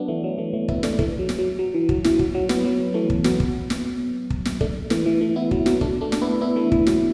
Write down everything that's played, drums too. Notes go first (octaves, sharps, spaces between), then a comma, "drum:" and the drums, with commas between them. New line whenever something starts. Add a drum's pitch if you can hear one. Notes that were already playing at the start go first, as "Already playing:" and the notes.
Already playing: F#3 B3 D4
E3 A3
F#3
E3 A3
E3 A3
B3 E4, drum: kick
A3 D4, drum: snare
E3 A3, drum: kick
F#3
drum: snare
F#3
F#3
E3
F#3, drum: kick
E3, drum: snare
F#3, drum: kick
F#3
F#3 B3, drum: snare
F#3
F#3
E3 A3
drum: kick
F#3 B3, drum: snare
drum: kick
drum: snare
drum: kick
drum: snare
A3 D4, drum: kick
E3 A3, drum: snare
E3
E3 A3
B3 E4
F#3, drum: kick
F#3 B3, drum: snare
A3 D4, drum: kick
A3 D4
D4, drum: snare
B3 E4
B3 E4
E3 A3
E3, drum: kick
F#3, drum: snare